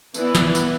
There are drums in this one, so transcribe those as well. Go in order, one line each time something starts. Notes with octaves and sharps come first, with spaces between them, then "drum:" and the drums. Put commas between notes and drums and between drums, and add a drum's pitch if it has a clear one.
E3 B3 E4 B4 D5, drum: tambourine
drum: snare
drum: tambourine